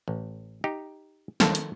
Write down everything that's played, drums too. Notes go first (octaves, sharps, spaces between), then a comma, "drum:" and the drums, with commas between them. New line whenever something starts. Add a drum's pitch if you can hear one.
A1
D#4 G4
D#3 A4 F5 G5, drum: snare
drum: hi-hat